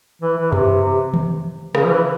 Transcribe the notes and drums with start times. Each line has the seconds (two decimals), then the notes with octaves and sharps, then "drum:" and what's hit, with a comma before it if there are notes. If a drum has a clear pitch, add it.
0.22 E3
0.38 E3
0.52 C3, drum: tom F#2
0.83 C3
1.14 drum: tom D#3
1.75 C#3, drum: rim click
1.84 F3
1.90 E3